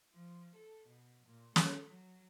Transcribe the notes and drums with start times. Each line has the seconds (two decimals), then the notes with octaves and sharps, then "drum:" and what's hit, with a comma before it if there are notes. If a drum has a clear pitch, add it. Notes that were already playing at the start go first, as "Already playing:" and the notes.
0.13 F3
0.55 A4
0.87 B2
1.27 A#2
1.56 A4, drum: snare
1.87 F#3